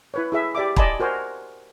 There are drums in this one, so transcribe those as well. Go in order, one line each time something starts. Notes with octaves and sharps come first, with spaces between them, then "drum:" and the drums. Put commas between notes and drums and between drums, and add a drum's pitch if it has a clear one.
E4 B4 C#5
E4 G#4 E5
G4 D5 E5 D6
D5 D#5 G#5 A5 B5 C6, drum: kick
F#4 A#4 C5 G#5